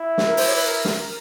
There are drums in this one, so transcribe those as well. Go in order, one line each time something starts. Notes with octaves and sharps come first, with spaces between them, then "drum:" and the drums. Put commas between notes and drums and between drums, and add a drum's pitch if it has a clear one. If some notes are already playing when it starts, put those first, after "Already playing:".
Already playing: E4
drum: snare
A#4
C5, drum: open hi-hat
C#5
B4
A#4
drum: snare